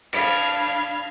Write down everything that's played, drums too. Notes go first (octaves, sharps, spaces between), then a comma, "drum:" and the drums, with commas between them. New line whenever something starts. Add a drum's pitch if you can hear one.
D4 F5 B5 F6 G#6, drum: cymbal